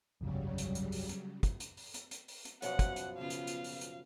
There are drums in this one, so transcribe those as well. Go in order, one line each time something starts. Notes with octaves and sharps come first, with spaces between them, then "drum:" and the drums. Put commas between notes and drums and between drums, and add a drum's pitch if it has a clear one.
G1 C2 F2 C#3 F#3 G3
drum: hi-hat
drum: hi-hat
drum: open hi-hat
drum: hi-hat
drum: kick, hi-hat
drum: hi-hat
drum: open hi-hat
drum: hi-hat
drum: hi-hat
drum: open hi-hat
drum: hi-hat
F#2 B2 F3 F#5, drum: hi-hat
drum: kick, hi-hat
drum: hi-hat
C#3 B3 F4 F5
drum: hi-hat
drum: hi-hat
drum: open hi-hat
drum: hi-hat